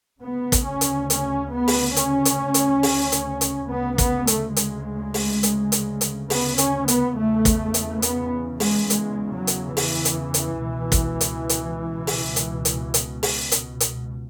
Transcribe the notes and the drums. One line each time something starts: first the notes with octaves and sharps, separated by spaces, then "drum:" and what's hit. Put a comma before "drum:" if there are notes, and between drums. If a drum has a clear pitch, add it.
D2 C#3 B3
drum: kick, hi-hat
C#4
drum: hi-hat
C#4, drum: hi-hat
B3
drum: open hi-hat
C#4, drum: hi-hat
drum: hi-hat
drum: hi-hat
drum: open hi-hat
drum: hi-hat
drum: hi-hat
D2 C#3 B3
B3, drum: kick, hi-hat
A3, drum: hi-hat
G#3, drum: hi-hat
drum: open hi-hat
drum: hi-hat
drum: hi-hat
drum: hi-hat
B3, drum: open hi-hat
C#4, drum: hi-hat
B3, drum: hi-hat
E2 C#3 A3
drum: kick, hi-hat
drum: hi-hat
B3, drum: hi-hat
G#3, drum: open hi-hat
G#3, drum: hi-hat
F#3
drum: hi-hat
E3, drum: open hi-hat
drum: hi-hat
drum: hi-hat
C#2 B2
drum: kick, hi-hat
drum: hi-hat
drum: hi-hat
drum: open hi-hat
drum: hi-hat
drum: hi-hat
drum: hi-hat
drum: open hi-hat
drum: hi-hat
drum: hi-hat